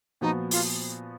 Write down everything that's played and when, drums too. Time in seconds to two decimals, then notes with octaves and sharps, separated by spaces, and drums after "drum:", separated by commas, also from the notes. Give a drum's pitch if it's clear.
0.21 A#2 F3 B3 D#4 F#4
0.51 F4, drum: open hi-hat